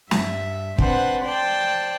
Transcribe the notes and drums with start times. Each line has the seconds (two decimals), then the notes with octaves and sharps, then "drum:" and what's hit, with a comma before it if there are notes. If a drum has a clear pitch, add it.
0.11 G2 E5, drum: snare
0.78 C4 D4 B4 C5 F#5, drum: kick
1.24 C5 D5 G5 A5